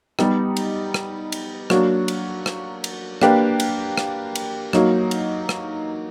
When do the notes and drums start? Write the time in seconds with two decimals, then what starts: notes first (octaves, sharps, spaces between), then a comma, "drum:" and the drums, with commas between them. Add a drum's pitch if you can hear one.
0.19 G3 B3 D#4 G4, drum: rim click
0.57 drum: cymbal
0.94 drum: rim click
1.32 drum: cymbal
1.70 F#3 A#3 D4 F#4, drum: rim click
2.08 drum: cymbal
2.46 drum: rim click
2.84 drum: cymbal
3.21 A#3 D4 G4 B4, drum: rim click
3.60 drum: cymbal
3.98 drum: rim click
4.35 drum: cymbal
4.73 F#3 A#3 D#4 F#4, drum: rim click
5.11 drum: cymbal
5.49 drum: rim click